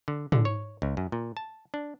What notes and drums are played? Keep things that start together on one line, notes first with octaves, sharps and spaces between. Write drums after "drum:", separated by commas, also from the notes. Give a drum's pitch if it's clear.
D3
D3, drum: tom
C#5
C#2
F#2
A#2
A5
D4